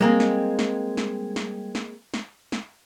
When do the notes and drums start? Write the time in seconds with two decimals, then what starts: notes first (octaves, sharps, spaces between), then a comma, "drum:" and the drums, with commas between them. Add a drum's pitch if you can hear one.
0.01 G3 G#3 A#3 C4 G5 G#6
0.20 drum: snare
0.59 drum: snare
0.97 drum: snare
1.36 drum: snare
1.75 drum: snare
2.14 drum: snare
2.52 drum: snare